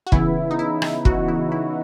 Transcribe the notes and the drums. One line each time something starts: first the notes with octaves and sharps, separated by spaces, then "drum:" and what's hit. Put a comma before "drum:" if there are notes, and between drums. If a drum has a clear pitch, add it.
F#4
C#3 E3 B3 E4, drum: kick
D#4
E4
drum: rim click
F#4, drum: kick
E4
E4